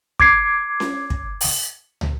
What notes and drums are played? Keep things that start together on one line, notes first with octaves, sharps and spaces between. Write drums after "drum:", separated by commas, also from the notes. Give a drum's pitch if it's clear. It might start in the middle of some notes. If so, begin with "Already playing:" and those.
D6 G#6 C7, drum: kick
drum: snare C#4
drum: kick
drum: open hi-hat
drum: tom